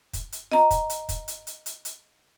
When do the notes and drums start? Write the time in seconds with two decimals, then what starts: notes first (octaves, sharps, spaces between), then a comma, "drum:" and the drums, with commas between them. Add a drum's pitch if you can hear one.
0.13 drum: kick, hi-hat
0.32 drum: hi-hat
0.51 D#5 A#5, drum: snare F4
0.71 drum: kick, hi-hat
0.90 drum: hi-hat
1.09 drum: kick, hi-hat
1.28 drum: hi-hat
1.47 drum: hi-hat
1.66 drum: hi-hat
1.85 drum: hi-hat